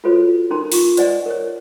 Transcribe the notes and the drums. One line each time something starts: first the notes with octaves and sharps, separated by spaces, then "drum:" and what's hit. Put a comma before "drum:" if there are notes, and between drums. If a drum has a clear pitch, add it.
F4 F#4 A4 B4 C#5
C#4 D#4 A#4 A#5 C6
F4 C#6, drum: open hi-hat
B4 D5 D#5 F#5 G#5, drum: hi-hat
A#4 C#5